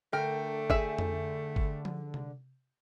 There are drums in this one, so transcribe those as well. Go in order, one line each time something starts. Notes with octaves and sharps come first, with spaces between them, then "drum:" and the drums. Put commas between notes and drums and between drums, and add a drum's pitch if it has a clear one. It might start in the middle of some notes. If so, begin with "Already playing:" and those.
D3 A3 A#4 G5
G#4 E5, drum: kick
drum: tom F2
drum: kick
drum: tom F3
drum: tom C3